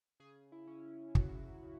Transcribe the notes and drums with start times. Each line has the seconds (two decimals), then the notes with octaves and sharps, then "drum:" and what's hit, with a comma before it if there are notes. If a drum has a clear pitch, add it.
0.20 C#3 G#4
0.52 E4
0.67 C#4
1.15 F#3 F#4, drum: kick
1.62 C#3